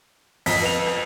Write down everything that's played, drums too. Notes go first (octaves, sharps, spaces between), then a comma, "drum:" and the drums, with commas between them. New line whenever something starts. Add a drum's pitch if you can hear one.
F2 D#5 B6, drum: open hi-hat
B4 F7
drum: rim click